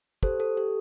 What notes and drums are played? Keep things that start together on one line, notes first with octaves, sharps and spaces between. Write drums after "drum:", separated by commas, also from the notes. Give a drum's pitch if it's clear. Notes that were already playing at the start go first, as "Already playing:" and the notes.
G4 A4 C5, drum: kick
A4
G4 A4